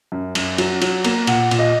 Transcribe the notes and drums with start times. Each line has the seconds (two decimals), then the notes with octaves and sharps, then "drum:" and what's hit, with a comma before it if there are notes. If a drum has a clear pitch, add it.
0.12 F#2
0.35 F#2, drum: cymbal
0.58 F#3, drum: cymbal
0.82 F#3, drum: cymbal
1.04 A#3, drum: cymbal
1.27 A#2 F#5, drum: cymbal
1.51 A#2, drum: cymbal
1.59 D#5